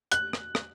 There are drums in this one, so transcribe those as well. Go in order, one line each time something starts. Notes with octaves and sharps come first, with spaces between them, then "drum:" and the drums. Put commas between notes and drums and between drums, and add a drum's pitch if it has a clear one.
F#6, drum: hi-hat
drum: rim click
drum: rim click